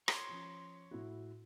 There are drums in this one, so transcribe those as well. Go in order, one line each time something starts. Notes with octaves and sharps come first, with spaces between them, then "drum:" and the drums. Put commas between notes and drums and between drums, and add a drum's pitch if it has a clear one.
C#5 C6 D6, drum: rim click
F3 C#4
A2 E4 F#4